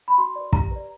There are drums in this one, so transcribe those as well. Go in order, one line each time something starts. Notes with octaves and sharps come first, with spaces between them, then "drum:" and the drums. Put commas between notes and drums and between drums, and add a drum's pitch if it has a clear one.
B5
F#4 C6
B4 D5
G4 A#5, drum: kick
B4 D5